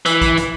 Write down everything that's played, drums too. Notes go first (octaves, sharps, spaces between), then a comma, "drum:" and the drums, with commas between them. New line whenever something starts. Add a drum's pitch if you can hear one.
E3, drum: hi-hat
drum: kick A#1, hi-hat
drum: hi-hat